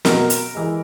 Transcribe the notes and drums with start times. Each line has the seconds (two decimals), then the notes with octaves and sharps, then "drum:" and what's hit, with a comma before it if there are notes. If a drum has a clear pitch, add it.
0.05 B2 F#3 A#4, drum: snare
0.30 drum: hi-hat
0.55 E3 G#3